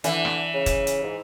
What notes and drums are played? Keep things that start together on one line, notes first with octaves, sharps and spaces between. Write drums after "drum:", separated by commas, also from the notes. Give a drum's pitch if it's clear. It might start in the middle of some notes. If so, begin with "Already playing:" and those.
D3 E3, drum: hi-hat
drum: rim click
C#3
drum: kick, hi-hat
drum: hi-hat
G#2